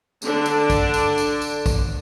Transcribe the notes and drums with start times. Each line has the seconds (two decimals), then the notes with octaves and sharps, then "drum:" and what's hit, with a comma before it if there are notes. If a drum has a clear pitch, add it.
0.22 D3 D4, drum: tambourine
0.46 drum: tambourine
0.70 drum: kick, tambourine
0.94 drum: tambourine
1.18 drum: tambourine
1.42 drum: tambourine
1.66 drum: kick, tambourine